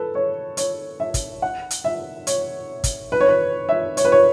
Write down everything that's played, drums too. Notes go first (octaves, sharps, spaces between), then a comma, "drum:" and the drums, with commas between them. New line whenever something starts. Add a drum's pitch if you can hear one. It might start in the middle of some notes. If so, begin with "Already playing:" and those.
Already playing: A4 B4
C#5
C#5, drum: hi-hat
E5
drum: kick, hi-hat
F#5
drum: hi-hat
E5
C#5, drum: hi-hat
drum: kick, hi-hat
B4
C#5
B4
E5
C#5, drum: hi-hat
B4
C#5